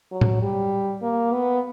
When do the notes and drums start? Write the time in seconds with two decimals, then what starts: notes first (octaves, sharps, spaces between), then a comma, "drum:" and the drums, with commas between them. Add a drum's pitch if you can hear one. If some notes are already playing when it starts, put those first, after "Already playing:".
0.12 F#3
0.21 drum: tom A2
0.41 G3
1.02 A#3
1.33 B3